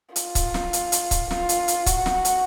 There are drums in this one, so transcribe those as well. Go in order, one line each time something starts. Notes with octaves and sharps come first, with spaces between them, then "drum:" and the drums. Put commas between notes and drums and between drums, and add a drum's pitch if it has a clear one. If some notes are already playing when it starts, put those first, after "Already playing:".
F4, drum: hi-hat
drum: kick C#1, hi-hat
drum: snare
drum: hi-hat
drum: hi-hat
drum: kick C#1, hi-hat
F4, drum: snare
drum: hi-hat
drum: hi-hat
F#4, drum: kick C#1, hi-hat
drum: snare
drum: hi-hat